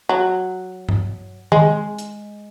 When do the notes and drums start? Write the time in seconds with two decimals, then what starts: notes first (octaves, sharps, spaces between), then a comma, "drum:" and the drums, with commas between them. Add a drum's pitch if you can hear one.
0.09 F#3
0.89 drum: tom G2
1.52 G#3, drum: tom D#3
1.98 drum: hi-hat